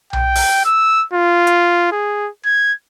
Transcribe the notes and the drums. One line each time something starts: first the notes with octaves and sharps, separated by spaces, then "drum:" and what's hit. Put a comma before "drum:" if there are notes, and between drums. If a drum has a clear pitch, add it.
G5, drum: tom B1
drum: open hi-hat
E6
F4
drum: hi-hat
G#4
G#6